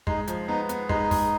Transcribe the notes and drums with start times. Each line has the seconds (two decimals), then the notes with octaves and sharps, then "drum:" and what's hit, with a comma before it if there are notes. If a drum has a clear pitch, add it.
0.07 G#3 D#4, drum: kick
0.28 F3, drum: hi-hat
0.48 B3 D#4
0.69 B3, drum: hi-hat
0.89 G#3 D#4, drum: kick
1.11 G#3, drum: kick, open hi-hat